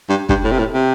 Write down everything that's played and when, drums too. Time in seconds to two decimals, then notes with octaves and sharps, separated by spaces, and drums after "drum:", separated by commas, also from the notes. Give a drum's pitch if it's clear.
0.09 G2
0.29 G2, drum: kick
0.44 A2
0.52 C3
0.59 A2
0.74 C3